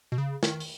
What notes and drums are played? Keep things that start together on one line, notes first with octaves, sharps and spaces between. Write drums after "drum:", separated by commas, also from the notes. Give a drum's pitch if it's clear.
B2
C#3
D#3, drum: snare
drum: open hi-hat